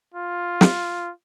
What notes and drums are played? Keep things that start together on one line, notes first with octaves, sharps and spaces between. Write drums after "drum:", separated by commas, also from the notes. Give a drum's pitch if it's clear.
F4
drum: snare